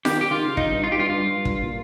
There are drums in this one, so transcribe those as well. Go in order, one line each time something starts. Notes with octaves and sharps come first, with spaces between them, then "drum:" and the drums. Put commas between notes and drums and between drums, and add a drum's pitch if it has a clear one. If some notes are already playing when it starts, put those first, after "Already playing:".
D#3 G4, drum: snare F4
G4
D#3 F4
C#3
D#4, drum: kick
G2
F4
G4
G2 F4
G2 F4
G2
drum: kick
A#2